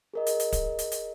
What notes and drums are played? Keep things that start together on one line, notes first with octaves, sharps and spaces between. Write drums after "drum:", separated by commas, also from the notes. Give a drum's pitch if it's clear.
G#4 A#4 D#5
drum: hi-hat
drum: hi-hat
drum: kick, hi-hat
drum: hi-hat
drum: hi-hat